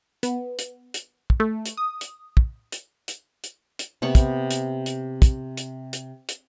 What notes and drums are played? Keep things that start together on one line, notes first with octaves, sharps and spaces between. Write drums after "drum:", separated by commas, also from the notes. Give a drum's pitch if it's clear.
B3, drum: hi-hat
drum: hi-hat
drum: hi-hat
drum: kick
A3
drum: hi-hat
D#6
drum: hi-hat
drum: kick
drum: hi-hat
drum: hi-hat
drum: hi-hat
drum: hi-hat
C3 B3 C#6
drum: kick, hi-hat
drum: hi-hat
drum: hi-hat
drum: kick, hi-hat
drum: hi-hat
drum: hi-hat
drum: hi-hat